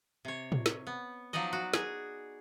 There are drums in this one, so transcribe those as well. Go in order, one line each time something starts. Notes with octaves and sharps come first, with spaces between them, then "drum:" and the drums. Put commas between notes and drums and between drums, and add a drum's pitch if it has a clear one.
C3 C#5
drum: tom A2
drum: snare
B3
F3 F#3 D#4 D5 D#5
F#4
G#4, drum: snare